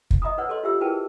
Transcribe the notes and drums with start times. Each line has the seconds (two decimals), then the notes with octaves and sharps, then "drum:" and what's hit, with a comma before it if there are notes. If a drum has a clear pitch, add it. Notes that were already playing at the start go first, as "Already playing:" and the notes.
0.11 drum: kick
0.22 D#5 E5 A#5 B5 D#6
0.38 B4 C#5 F#5 E6
0.49 A4 C#5 D#5 C6
0.63 F4 G4 E5 E6
0.81 E4 G#4 A#4 B4 G5 A5